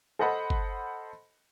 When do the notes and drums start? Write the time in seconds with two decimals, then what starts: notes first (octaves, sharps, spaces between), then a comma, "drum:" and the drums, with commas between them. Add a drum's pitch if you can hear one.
0.19 A4 C5 D#5 F#5 A5 B5
0.50 drum: kick G1